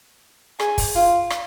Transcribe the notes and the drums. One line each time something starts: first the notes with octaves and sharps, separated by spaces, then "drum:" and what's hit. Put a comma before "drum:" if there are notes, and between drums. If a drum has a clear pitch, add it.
G#4, drum: rim click
drum: kick, open hi-hat
F4
drum: rim click